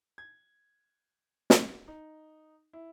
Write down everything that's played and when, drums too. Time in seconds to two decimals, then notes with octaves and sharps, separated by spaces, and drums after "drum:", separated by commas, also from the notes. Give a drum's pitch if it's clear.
0.18 G#6
1.50 drum: snare
1.88 D#4
2.73 E4